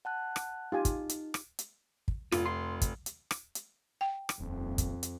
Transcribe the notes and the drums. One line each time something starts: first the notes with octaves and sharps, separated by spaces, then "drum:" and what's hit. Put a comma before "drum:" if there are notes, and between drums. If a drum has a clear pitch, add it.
F#5 A5 F#6
drum: rim click
D#4 F4 G4 G#5
drum: kick, hi-hat
drum: hi-hat
drum: rim click
drum: hi-hat
drum: kick
F1 F4, drum: rim click
C6
drum: kick, hi-hat
drum: hi-hat
drum: rim click
drum: hi-hat
G5
drum: rim click
D#1 F2
drum: kick, hi-hat
drum: hi-hat